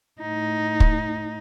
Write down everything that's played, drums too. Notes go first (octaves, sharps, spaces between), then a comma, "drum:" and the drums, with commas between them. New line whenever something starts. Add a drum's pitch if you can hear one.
A2 D#4
drum: kick